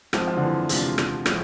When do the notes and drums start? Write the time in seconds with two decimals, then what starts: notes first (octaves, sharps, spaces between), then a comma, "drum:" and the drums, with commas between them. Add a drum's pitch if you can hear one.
0.13 G#1 G#2 F3 G#3 C4, drum: rim click
0.27 F3
0.37 D3
0.42 E3
0.69 E2 C3 G#3 D4 F4, drum: hi-hat
0.98 drum: rim click
1.26 A2 F3 G#3, drum: rim click